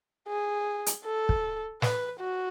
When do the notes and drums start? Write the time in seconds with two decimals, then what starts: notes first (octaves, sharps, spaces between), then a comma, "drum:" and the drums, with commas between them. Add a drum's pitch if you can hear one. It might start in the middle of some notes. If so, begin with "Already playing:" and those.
0.28 G#4
0.86 drum: hi-hat
1.05 A4
1.29 drum: kick
1.82 B4, drum: snare
2.20 F#4